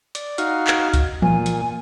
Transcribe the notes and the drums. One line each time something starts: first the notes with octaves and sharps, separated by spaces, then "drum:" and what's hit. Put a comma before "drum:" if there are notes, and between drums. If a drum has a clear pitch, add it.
D5, drum: hi-hat
D#4 F#4 F5, drum: hi-hat
drum: clap
drum: kick C2, hi-hat
A#2 G#5, drum: tom E3
drum: hi-hat